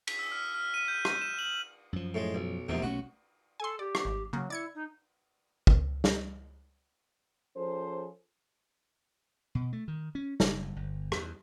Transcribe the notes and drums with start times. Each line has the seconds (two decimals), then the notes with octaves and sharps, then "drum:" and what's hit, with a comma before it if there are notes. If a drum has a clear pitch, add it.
0.07 B6, drum: cymbal
0.19 E6
0.32 F6
0.54 F6
0.74 D#7
0.88 G6
1.05 D#7, drum: rim click
1.21 E7
1.39 F#7
1.93 F#2 F3
2.14 A2 G#3
2.34 B1
2.69 A#1 E2 G#2 C3 F3
2.82 B1 A3 C#4 F#4
3.60 A4 G#5 C6
3.79 G4 D5
3.95 drum: rim click
4.05 G#1
4.33 C#3 F#3 A#3
4.50 E4 D5 G#6 C#7
4.74 D#4
5.67 C#2, drum: kick
6.04 drum: snare
7.57 F3 C#4 G#4 A4 C5
9.55 B2
9.73 A3
9.88 D#3
10.15 C#4
10.40 F#1, drum: snare
10.76 G1
11.12 E2, drum: rim click